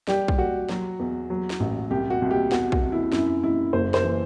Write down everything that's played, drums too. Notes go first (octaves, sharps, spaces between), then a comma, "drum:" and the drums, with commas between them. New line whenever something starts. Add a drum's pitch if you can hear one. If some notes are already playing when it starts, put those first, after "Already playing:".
G3 G4, drum: snare
drum: kick
G3 F#4
F#3, drum: snare
E2
F#3
drum: snare
A1
C2 G4
F#4
C2
G4
E2 F#4, drum: snare
F#4, drum: kick
C3
E4
F#2 E4, drum: snare
F#2 E4
F#1 C5
C5, drum: snare
E3